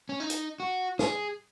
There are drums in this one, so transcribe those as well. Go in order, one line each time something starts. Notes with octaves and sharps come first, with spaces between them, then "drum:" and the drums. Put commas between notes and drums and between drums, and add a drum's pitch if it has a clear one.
C#4
D#4
drum: hi-hat
F#4
G#4, drum: snare